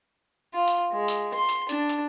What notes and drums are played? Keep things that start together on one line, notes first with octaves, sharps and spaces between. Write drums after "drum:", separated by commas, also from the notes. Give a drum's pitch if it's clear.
F4
drum: open hi-hat
G#3
drum: open hi-hat
C6
drum: hi-hat
D4, drum: hi-hat
drum: hi-hat